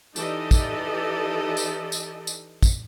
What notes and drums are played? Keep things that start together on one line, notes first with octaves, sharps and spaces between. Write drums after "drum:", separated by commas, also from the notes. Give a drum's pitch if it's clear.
E3 D#4 G4 A4 D5 D#5, drum: tambourine
drum: kick, tambourine
drum: tambourine
drum: tambourine
drum: tambourine
drum: kick, tambourine